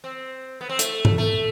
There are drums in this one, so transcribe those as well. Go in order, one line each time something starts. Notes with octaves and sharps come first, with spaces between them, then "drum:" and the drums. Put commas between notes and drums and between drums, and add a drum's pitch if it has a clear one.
C4
B3
C4
A3, drum: hi-hat
drum: tom G#2
A3